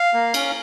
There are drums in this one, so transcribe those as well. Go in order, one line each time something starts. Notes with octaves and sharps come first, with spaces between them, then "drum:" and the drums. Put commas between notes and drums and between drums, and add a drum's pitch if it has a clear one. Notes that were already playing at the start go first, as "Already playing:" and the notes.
Already playing: F5
A#3
C#4, drum: cymbal